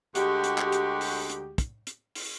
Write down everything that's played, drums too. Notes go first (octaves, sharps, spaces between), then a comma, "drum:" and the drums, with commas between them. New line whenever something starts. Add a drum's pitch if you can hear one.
D2 G#3 F#4 G4, drum: hi-hat
drum: hi-hat
drum: clap
drum: hi-hat
drum: open hi-hat
drum: hi-hat
drum: kick, hi-hat
drum: hi-hat
drum: open hi-hat